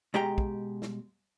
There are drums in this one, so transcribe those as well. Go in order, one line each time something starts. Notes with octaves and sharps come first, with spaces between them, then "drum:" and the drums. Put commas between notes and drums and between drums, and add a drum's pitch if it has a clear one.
B2 G#3 G4 G5 A#5
drum: kick
drum: snare